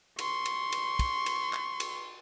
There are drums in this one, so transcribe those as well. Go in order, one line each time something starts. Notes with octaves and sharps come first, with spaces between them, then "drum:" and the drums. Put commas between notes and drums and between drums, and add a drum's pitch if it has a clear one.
C6 C#6, drum: cymbal
drum: cymbal
drum: cymbal
drum: kick, cymbal
drum: cymbal
drum: clap
drum: cymbal